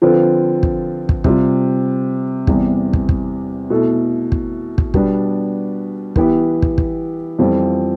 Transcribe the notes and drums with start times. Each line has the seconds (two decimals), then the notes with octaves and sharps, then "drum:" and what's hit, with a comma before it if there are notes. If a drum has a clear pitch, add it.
0.02 D3 F3 C4 F4 B4
0.63 drum: kick
1.09 drum: kick
1.24 C3 G3 C4 F4, drum: kick
2.47 E2 C3 E3 G3, drum: kick
2.93 drum: kick
3.09 drum: kick
3.70 B2 A3 E4 A4
4.32 drum: kick
4.78 drum: kick
4.94 B2 G3 B3 D4, drum: kick
6.16 E3 B3 E4 G4, drum: kick
6.62 drum: kick
6.78 drum: kick
7.39 F2 E3 G3 C4 F4